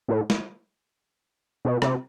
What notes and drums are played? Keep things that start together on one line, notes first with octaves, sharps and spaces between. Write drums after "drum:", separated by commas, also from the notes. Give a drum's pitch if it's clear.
A2
drum: snare
B2
C3, drum: rim click